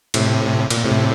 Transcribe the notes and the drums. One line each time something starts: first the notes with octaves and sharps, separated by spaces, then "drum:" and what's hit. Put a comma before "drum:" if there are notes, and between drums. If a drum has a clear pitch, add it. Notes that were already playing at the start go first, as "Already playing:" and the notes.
A2 C3, drum: cymbal
A#2, drum: cymbal
A2 C3